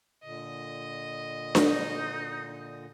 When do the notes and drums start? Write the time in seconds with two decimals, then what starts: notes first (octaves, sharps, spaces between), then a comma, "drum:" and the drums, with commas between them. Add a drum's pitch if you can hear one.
0.24 A#2 D3 D#5
1.55 D#4, drum: snare D4